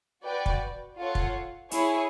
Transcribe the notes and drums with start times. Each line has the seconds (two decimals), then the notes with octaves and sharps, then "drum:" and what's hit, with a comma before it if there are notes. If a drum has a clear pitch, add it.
0.25 F#4 B4 D5 G5
0.46 drum: kick
0.98 F4 A4 C#5 F#5
1.15 drum: kick
1.71 E4 G#4 C#5, drum: hi-hat